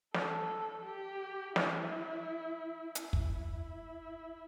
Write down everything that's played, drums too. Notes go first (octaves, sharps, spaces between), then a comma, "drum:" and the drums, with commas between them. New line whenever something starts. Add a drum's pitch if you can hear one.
A4, drum: snare
G4
E4, drum: snare
E4, drum: hi-hat
drum: kick